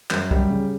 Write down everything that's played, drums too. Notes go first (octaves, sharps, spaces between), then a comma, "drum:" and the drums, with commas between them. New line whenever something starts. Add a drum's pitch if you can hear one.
F#2, drum: clap
G3, drum: kick
C#3